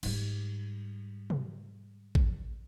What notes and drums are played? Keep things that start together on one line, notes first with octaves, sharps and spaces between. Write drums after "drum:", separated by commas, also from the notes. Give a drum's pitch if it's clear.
G#2 G3, drum: cymbal
drum: tom B2
drum: kick A1